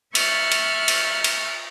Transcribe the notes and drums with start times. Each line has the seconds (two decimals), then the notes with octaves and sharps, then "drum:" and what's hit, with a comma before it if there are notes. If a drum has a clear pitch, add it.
0.15 E5 C#6 F6 F#6 A6, drum: cymbal
0.52 drum: cymbal
0.88 drum: cymbal
1.24 drum: cymbal